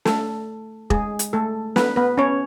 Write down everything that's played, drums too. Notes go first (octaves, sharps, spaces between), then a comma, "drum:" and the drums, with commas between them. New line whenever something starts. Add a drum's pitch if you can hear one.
A3 A4, drum: snare
G#3 G#4, drum: kick E1
drum: hi-hat
A3 A4
B3 B4, drum: snare
B3 B4
C#4 C#5